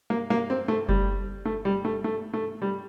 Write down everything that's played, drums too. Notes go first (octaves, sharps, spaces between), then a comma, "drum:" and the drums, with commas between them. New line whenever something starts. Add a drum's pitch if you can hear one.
A#3
A#3
C4
A3
G3, drum: kick F#1
A3
G3
A3
A3
A3
G3